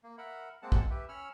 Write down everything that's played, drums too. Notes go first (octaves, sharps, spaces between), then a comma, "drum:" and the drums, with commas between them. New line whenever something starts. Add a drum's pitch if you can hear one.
A#3
A#4 E5 F#5 B5
G#3 A#3 C4 F#5 A5
drum: kick
G4 B4 E5
C#4 C#5 B5 E6 F6